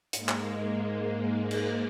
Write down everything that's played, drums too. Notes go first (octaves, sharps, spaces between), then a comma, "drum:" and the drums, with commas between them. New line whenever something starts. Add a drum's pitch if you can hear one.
G#2 G#3 A#3, drum: hi-hat
drum: clap
drum: cymbal